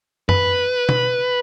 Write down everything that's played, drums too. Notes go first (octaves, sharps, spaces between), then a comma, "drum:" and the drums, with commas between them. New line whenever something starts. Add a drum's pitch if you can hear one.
B4, drum: tom F#2
drum: tom B2